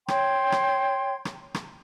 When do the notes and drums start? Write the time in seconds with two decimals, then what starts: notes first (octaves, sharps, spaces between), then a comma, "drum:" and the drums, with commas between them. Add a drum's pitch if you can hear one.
0.08 C#5 G5 C6 G#6, drum: rim click
0.52 drum: rim click
1.25 drum: rim click
1.54 drum: rim click